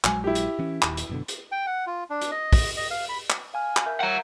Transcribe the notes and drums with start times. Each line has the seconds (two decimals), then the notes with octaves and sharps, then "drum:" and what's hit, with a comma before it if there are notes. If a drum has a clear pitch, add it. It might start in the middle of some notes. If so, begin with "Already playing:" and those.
0.04 A#1 F#3 G#3 G#5, drum: clap
0.24 E4 G4
0.35 drum: hi-hat
0.59 E3 C#4
0.82 D#1 D#2, drum: clap
0.97 drum: hi-hat
1.09 F#2 B2 D3
1.28 drum: hi-hat
1.52 G5
1.67 F#5
1.87 F4
2.10 D4
2.22 drum: hi-hat
2.31 D#5
2.53 drum: kick, open hi-hat
2.77 D#5
2.91 F5
3.09 B5
3.30 drum: clap
3.54 F5 G#5 F6
3.77 drum: clap
3.86 A#4 E5 G6
4.00 F#5 A#5